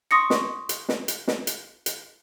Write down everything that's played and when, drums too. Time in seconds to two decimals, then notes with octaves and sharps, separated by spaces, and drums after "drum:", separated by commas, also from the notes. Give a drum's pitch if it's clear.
0.11 C6 C#6 D#6 A#6 C#7
0.30 drum: snare
0.69 drum: hi-hat
0.89 drum: snare
1.08 drum: hi-hat
1.28 drum: snare
1.47 drum: hi-hat
1.86 drum: hi-hat